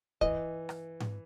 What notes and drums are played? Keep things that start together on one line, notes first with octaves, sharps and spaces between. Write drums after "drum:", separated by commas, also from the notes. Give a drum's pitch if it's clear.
E3 D#5, drum: kick
drum: rim click
drum: tom G#2